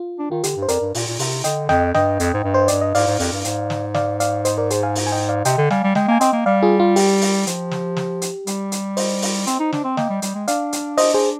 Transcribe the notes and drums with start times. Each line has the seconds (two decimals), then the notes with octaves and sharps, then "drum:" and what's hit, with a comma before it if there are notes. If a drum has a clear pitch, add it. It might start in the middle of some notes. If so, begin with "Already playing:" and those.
Already playing: F4
0.19 D4
0.31 D#3 F4
0.44 D3 G4, drum: hi-hat
0.56 G2
0.62 C5
0.68 F2 A#4 D5, drum: hi-hat
0.81 G2
0.95 A#2, drum: open hi-hat
1.07 A#2
1.19 C3, drum: open hi-hat
1.44 D3 D#5 G5, drum: hi-hat
1.69 F2 D#5 G5, drum: snare
1.94 G2 D#5 G5, drum: snare
2.20 F2, drum: hi-hat
2.34 G#2
2.44 G2
2.54 C5
2.68 G2 D5, drum: hi-hat
2.81 D#5
2.95 G#2 D5 F5, drum: open hi-hat
3.07 G#2
3.20 F2, drum: open hi-hat
3.32 G2
3.44 G#2, drum: hi-hat
3.70 drum: snare
3.94 D5 F5, drum: snare
4.20 D5 F5, drum: hi-hat
4.45 C5 D#5, drum: hi-hat
4.58 A#4 D5
4.70 G#4 C5, drum: hi-hat
4.83 F5 G#5
4.95 drum: open hi-hat
5.07 G#5
5.12 D#5 G5
5.29 D5 F5
5.45 C3 D#5 G5, drum: hi-hat
5.58 D3
5.70 G3 F5 G#5, drum: snare
5.84 G3
5.95 G#3 D#5 G5, drum: snare
6.08 A#3 G#5
6.21 C4 D#5 G5, drum: hi-hat
6.33 A#3
6.46 G3 D5 F5
6.63 F4 G#4
6.80 F4
6.96 G4, drum: open hi-hat
7.21 drum: open hi-hat
7.47 F3, drum: hi-hat
7.71 drum: snare
7.97 drum: snare
8.22 drum: hi-hat
8.47 G3, drum: hi-hat
8.72 drum: hi-hat
8.97 C5 D#5, drum: open hi-hat
9.22 drum: open hi-hat
9.47 C4, drum: hi-hat
9.60 D#4
9.72 D4, drum: snare
9.84 C4
9.97 A#3 D#5 G5, drum: snare
10.09 G3
10.22 G3, drum: hi-hat
10.35 G#3
10.48 D4 D5 F5, drum: hi-hat
10.73 drum: hi-hat
10.97 C5 D#5, drum: open hi-hat
11.14 G#4 C5